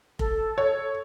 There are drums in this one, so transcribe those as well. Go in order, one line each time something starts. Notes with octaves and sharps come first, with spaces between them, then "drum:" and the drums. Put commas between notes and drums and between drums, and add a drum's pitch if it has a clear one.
A4, drum: kick F1
C#5